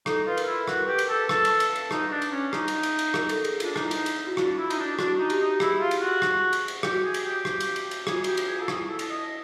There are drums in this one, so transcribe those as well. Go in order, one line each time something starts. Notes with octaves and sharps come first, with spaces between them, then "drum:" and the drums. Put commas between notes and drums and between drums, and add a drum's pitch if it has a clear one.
D#4 A4, drum: rim click
F4 B4
A#4, drum: cymbal
E4
F#4 B4, drum: rim click
A#4
G4 B4
drum: cymbal
A4
A4, drum: rim click
drum: cymbal
drum: cymbal
drum: cymbal
D#4, drum: rim click
D4
drum: cymbal
C#4
D#4, drum: rim click
drum: cymbal
drum: cymbal
drum: cymbal
A#4, drum: rim click
A4, drum: cymbal
G#4, drum: cymbal
D4 F4, drum: cymbal
D#4 E4, drum: rim click
drum: cymbal
E4, drum: cymbal
F#4
D4 F4, drum: rim click
E4
D#4, drum: cymbal
D4
D4 F#4, drum: rim click
D#4
G4, drum: cymbal
D#4
E4 G#4, drum: rim click
F4
drum: cymbal
F#4
drum: rim click
drum: cymbal
drum: cymbal
F#4 G4, drum: rim click
G#4
drum: cymbal
G4
drum: rim click
drum: cymbal
drum: cymbal
drum: cymbal
F4 G#4, drum: rim click
F#4
F4 G4, drum: cymbal
drum: cymbal
G#4
F4 A4
E4 G#4, drum: rim click
A4
drum: cymbal
D#5